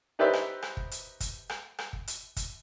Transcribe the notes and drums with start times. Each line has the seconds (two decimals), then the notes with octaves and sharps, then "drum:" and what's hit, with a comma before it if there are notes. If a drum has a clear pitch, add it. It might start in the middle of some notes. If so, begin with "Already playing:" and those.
0.19 D#4 G4 B4 C5 D5 E5
0.33 drum: rim click
0.62 drum: rim click
0.77 drum: kick
0.91 drum: hi-hat
1.20 drum: kick, hi-hat
1.49 drum: rim click
1.78 drum: rim click
1.93 drum: kick
2.08 drum: hi-hat
2.37 drum: kick, hi-hat